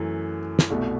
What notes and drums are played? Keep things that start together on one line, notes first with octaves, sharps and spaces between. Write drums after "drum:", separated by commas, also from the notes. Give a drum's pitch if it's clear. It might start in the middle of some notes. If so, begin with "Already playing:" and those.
Already playing: F#2 E3 A3
drum: snare
C2 B2 A3